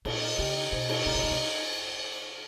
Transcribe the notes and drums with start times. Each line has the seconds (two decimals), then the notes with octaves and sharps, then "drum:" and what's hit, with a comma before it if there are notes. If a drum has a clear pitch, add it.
0.05 A#2 D#4, drum: cymbal
0.22 D#4
0.38 C#3 G4
0.55 D#4
0.72 B2 C5
0.89 G4, drum: cymbal
1.06 B2 D#4
1.15 C3
1.23 C#3 D#4
1.31 C3